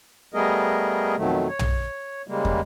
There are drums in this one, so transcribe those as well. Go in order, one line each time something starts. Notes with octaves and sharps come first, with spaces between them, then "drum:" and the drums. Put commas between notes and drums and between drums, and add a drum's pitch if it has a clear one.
G3 A3 B3 G#4 A#4 D#5
F2 B2 D#3 F#3 A3
C#5
drum: tom
C#3 G3 G#3 A#3
drum: kick